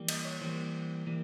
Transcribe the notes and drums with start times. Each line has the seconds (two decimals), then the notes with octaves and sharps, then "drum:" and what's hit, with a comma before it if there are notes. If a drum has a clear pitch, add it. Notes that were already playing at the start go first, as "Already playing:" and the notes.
Already playing: E3 G3 A#3
0.08 D#5, drum: cymbal
0.25 C#5
0.41 E3 G3 A#3 C5
1.07 E3 G3 A#3